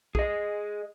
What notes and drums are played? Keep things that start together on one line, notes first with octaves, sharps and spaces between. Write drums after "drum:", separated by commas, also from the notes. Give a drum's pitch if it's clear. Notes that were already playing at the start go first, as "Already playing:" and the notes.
G#4 D#5, drum: kick